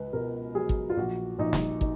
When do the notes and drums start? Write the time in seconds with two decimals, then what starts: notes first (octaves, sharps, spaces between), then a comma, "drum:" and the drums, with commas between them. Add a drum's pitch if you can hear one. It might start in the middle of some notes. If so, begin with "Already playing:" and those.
Already playing: C#2 B4
0.13 B2 A#4
0.55 F#3 G#4
0.69 drum: kick
0.90 F4
0.97 A#1 F#4
1.39 A#1 D#4
1.53 drum: snare
1.81 D#4, drum: kick